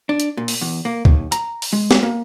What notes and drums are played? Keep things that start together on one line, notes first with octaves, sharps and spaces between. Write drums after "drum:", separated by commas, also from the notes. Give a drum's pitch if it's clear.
D4
drum: hi-hat
A#2
drum: open hi-hat
E2
A#3
D#2, drum: kick
A#5, drum: hi-hat
drum: open hi-hat
G#3
drum: snare
A#3